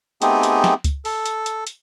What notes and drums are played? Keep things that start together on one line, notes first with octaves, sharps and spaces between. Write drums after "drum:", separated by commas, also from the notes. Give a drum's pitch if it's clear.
A3 B3 C4 D#4 G4 G#4, drum: hi-hat
drum: hi-hat
drum: snare
drum: kick C#2, hi-hat
A4, drum: open hi-hat
drum: hi-hat
drum: hi-hat
drum: hi-hat